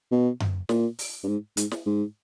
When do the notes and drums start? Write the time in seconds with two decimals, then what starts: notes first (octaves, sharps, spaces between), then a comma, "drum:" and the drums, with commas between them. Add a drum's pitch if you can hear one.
0.12 B2
0.40 drum: tom F#2
0.69 A#2, drum: snare
0.99 drum: open hi-hat
1.24 G2
1.28 G#2
1.57 G#2, drum: hi-hat
1.71 drum: snare
1.86 G#2